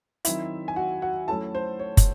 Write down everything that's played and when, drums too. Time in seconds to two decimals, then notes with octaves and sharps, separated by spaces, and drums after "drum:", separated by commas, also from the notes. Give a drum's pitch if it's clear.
0.25 D#3 F#3 C4 D#4 E4 E5, drum: hi-hat
0.68 G#5
0.76 F#4 F#5
1.02 F#4 F#5
1.28 F#3 A3 C#4 E4 A4 A5
1.55 C5
1.79 C#5
1.97 drum: kick, hi-hat